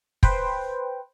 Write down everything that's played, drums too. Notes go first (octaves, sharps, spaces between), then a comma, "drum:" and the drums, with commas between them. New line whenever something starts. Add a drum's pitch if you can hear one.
B4 C5 G5, drum: kick